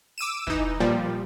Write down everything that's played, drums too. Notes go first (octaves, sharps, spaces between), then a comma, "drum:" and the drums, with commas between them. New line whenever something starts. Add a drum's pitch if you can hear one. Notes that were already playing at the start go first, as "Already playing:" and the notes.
D6 E6 D#7 E7
E3 D#4, drum: kick
A#2 F3 G3